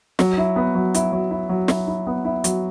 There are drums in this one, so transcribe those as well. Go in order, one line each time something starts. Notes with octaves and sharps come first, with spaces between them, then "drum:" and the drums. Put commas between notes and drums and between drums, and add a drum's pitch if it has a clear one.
F#3, drum: snare
E4
B3
F#3
E4, drum: hi-hat
F#3
E4
F#3
E4, drum: snare
E4
B3
E4
F#3, drum: hi-hat